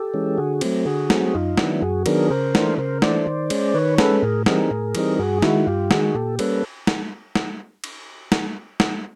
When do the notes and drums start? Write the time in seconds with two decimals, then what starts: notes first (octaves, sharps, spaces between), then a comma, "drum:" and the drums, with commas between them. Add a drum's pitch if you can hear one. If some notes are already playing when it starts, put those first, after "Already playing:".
Already playing: G4 A4
0.14 E3 G#3 C#4
0.38 D3 F#4 G#4
0.61 F#3 A3 C4, drum: cymbal
0.85 D3 F#4 G#4
1.10 F#3 A3 C4, drum: snare
1.34 F#2 D#4 F4
1.58 D#3 F#3 B3 D4 E4, drum: snare
1.82 F#2 F#4 G#4
2.06 D#3 F#3 B3 D4 G#4 A#4, drum: cymbal
2.30 C#3 A#4 C5
2.55 E3 A3 D4, drum: snare
2.78 C#3 A#4 C5
3.02 E3 A3 D4 C5 D5, drum: snare
3.27 D#3
3.50 G#3 C#4, drum: cymbal
3.74 D#3 B4 C#5
3.98 G#3 C#4 A4 B4, drum: snare
4.22 A2 G#4 A#4
4.46 E3 G3 C4 D#4 G#4 A#4, drum: snare
4.71 A2
4.95 E3 G3 C4 D#4, drum: cymbal
5.19 G2 F#4 G#4
5.42 D#3 G#3 E4 F#4, drum: snare
5.67 G2 F4 G4
5.91 D#3 G#3 F#4 G#4, drum: snare
6.15 A#2 G4 A4
6.39 G3 A#3 C#4 A4 B4, drum: cymbal
6.87 drum: snare
7.36 drum: snare
7.84 drum: cymbal
8.32 drum: snare
8.80 drum: snare